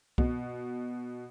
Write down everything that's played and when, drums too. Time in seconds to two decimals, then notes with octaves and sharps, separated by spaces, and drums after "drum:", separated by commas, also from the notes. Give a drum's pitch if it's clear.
0.18 B2, drum: kick